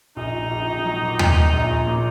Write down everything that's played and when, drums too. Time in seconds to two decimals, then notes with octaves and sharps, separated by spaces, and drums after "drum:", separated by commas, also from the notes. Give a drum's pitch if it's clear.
0.16 A#1 D#4
0.34 A#1
0.51 A#1
0.68 A#1
0.85 F#3
1.02 A#2
1.19 A#2, drum: tom D#2
1.36 A#2
1.53 A#1
1.70 A#1
1.87 A#2